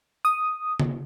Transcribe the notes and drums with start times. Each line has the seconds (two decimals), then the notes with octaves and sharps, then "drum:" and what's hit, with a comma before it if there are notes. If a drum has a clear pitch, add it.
0.25 D#6
0.80 drum: tom C#3